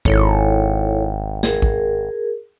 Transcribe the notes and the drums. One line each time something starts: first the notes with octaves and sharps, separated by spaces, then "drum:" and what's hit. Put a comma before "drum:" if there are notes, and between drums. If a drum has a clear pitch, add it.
G#1 E4 A4 C#5, drum: kick A1
G#4 A#4, drum: snare
drum: kick A1